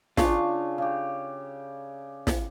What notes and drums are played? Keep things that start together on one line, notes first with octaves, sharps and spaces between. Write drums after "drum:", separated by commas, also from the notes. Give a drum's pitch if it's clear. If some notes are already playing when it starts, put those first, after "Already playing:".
C#3 D4 F4 C#6, drum: snare
C#3 G4
drum: snare